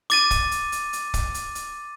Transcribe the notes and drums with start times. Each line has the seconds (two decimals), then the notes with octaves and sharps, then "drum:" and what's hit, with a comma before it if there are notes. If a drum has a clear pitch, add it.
0.10 D6 A6 D#7, drum: hi-hat
0.31 drum: kick, hi-hat
0.51 drum: hi-hat
0.72 drum: hi-hat
0.93 drum: hi-hat
1.14 drum: kick, hi-hat
1.34 drum: hi-hat
1.55 drum: hi-hat